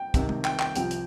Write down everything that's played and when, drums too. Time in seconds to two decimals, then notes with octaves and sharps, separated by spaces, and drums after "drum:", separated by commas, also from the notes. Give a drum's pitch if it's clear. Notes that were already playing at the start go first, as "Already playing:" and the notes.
Already playing: G5
0.14 C2 C3 D#3, drum: kick, hi-hat
0.29 drum: tom G#3
0.44 G5, drum: clap
0.59 G5, drum: clap
0.76 C2 C3 F3 G5, drum: hi-hat
0.91 drum: hi-hat